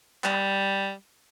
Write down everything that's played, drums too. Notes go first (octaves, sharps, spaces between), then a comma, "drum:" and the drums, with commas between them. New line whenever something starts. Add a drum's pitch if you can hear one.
G3, drum: clap